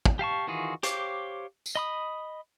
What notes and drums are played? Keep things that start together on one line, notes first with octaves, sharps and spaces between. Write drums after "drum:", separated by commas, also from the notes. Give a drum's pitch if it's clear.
drum: kick
G4 F5 A5 C#6
D#3 E3 F4 F#4 G#4
G4 C5 C#5 F5 D6, drum: hi-hat
drum: tambourine
D#5 B5 D#6